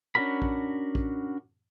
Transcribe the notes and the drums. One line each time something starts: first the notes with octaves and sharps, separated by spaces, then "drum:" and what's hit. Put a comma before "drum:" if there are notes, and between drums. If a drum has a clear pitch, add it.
C#4 D4 F#4 A#4 B5
drum: kick
drum: kick